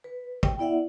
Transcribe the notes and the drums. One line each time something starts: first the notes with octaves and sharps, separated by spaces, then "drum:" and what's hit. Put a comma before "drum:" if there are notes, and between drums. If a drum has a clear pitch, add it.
B4
G5, drum: kick
B3 E4 D5 E5 F#5